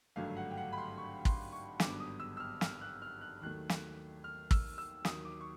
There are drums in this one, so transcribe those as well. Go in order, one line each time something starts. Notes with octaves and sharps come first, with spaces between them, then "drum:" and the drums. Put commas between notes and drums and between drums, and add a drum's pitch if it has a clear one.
G#1 G2 D3 F#3 A3 F5
F#5
G5
F#5
B5
C6
C#6
C6, drum: kick
C#6
G#1 G2 D3 F#3 B3 D6, drum: snare
D#6
E6
E6
F6
F6, drum: snare
F#6
F6
F#6
D#2 D#3 F#3 A3 F#6
drum: snare
F6
E6, drum: kick
E6
D#2 D#3 F#3 D#6, drum: snare
D6
C#6